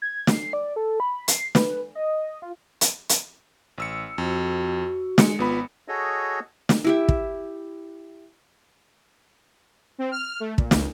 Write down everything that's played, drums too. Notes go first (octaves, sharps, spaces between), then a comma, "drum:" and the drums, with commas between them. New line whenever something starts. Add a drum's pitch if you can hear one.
G#6
C7, drum: snare
D5
A4
B5
C7, drum: hi-hat
B4, drum: snare
D#5
F4
drum: hi-hat
drum: hi-hat
A1 E6 C#7
F2 F#4
G#3 C#7, drum: snare
G#1 B3 F4 B5
F#4 G#4 A4 C#5 D#5
drum: snare
E4 G4 E5
drum: kick
C4
F6
A3
A#2, drum: kick
C#2, drum: snare